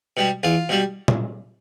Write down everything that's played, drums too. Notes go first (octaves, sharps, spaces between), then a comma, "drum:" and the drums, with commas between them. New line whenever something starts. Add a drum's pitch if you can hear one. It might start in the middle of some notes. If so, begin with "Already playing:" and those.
B2 G3
E2 F4
B2 G3
drum: tom A#2